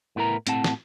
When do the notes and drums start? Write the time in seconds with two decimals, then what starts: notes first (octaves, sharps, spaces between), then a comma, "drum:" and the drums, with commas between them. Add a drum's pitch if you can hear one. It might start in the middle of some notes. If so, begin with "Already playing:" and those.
0.16 A2 B3 E4 A#4 A#5
0.47 A2 C4 F#5 A5, drum: hi-hat
0.64 drum: snare